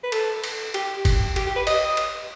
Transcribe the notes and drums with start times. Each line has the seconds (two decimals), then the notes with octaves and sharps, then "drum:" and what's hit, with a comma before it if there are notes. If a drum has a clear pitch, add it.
0.03 B4
0.12 A4, drum: cymbal
0.44 drum: cymbal
0.74 G4, drum: cymbal
1.05 drum: kick, cymbal
1.36 G4, drum: cymbal
1.46 G4
1.56 B4
1.67 D#5, drum: cymbal
1.97 drum: cymbal